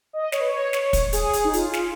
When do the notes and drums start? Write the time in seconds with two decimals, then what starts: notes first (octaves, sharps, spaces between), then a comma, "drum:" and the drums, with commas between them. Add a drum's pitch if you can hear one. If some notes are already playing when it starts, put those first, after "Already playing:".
0.13 D#5
0.32 C#5, drum: snare
0.40 B4
0.48 C#5
0.73 drum: snare
0.93 drum: kick, hi-hat
1.13 G#4, drum: hi-hat
1.33 drum: hi-hat
1.45 D#4
1.53 F4, drum: hi-hat
1.73 drum: snare